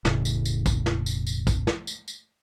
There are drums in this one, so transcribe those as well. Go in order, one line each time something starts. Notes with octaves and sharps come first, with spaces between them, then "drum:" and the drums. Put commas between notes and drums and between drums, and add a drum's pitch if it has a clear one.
E1 A2 C#3, drum: snare
drum: tambourine
drum: tambourine
drum: kick, tambourine
drum: snare
drum: tambourine
drum: tambourine
drum: kick, tambourine
drum: snare
drum: tambourine
drum: tambourine